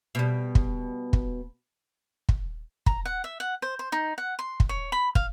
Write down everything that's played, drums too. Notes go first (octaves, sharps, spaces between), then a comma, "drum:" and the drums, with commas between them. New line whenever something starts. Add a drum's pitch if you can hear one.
B2 G3
drum: kick
drum: kick
drum: kick
A#5, drum: kick
F#5
E5
F#5
C5
C5
D#4
F#5
C6
drum: kick
C#5
B5
F5, drum: kick